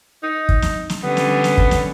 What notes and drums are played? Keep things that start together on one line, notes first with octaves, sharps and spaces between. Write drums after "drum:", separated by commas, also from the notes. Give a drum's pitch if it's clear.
D#4
drum: kick
drum: snare
drum: snare
D3 G3 B3 C#4
drum: snare
drum: snare
drum: kick
drum: snare